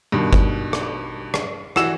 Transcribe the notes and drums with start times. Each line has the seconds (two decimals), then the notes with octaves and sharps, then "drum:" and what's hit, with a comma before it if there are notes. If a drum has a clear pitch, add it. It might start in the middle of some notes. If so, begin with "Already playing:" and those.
0.12 G2 B2 D#3
0.33 drum: kick G1
0.73 drum: rim click
1.34 drum: rim click
1.76 E3 F#4 E6 E7, drum: rim click